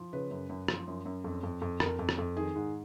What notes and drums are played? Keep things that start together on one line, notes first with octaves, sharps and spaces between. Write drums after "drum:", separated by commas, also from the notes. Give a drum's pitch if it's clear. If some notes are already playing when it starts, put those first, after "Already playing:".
Already playing: F3
C#3 B4
F#2
F#2
F3, drum: rim click
F#2
F#2
F2
F2
F2
F2 A#4, drum: rim click
F2
drum: rim click
F2
D#3 G#4
G#2